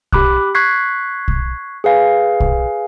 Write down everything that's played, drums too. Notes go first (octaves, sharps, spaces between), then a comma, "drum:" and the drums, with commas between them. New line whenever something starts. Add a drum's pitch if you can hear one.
G4 B5 D6 F#6, drum: kick
C#6 F#6 G#6 B6 C7
drum: kick
G#4 B4 F5 G#5
drum: kick